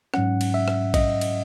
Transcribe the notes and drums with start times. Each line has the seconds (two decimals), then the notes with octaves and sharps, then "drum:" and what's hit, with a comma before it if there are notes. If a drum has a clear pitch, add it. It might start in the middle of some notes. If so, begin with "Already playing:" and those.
0.14 G#2 F#3 C#4 F#5, drum: rim click
0.41 drum: cymbal
0.54 E5
0.68 drum: rim click
0.94 D#5, drum: kick, cymbal
1.21 drum: cymbal